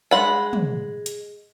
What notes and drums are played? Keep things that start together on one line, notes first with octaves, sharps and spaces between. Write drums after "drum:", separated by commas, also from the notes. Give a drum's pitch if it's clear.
G#3 F#5 B5
drum: tom
drum: hi-hat